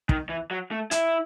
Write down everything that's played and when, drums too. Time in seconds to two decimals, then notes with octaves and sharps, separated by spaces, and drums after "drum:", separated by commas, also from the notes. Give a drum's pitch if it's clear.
0.09 D#3, drum: kick
0.29 E3
0.51 F#3
0.71 A3
0.91 E4, drum: hi-hat